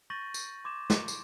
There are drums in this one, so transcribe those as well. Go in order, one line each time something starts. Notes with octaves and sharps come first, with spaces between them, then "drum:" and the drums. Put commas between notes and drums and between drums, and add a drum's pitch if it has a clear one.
C#6 G6 A6 A#6 D#7 F#7
drum: tambourine
C6 D6 G#6 E7
C6, drum: snare
drum: tambourine